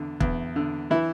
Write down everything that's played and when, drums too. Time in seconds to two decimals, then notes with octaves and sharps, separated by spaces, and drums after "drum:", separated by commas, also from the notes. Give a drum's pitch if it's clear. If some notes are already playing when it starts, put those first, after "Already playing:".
Already playing: E2 D3
0.21 E2, drum: kick
0.56 D3
0.91 E3 E4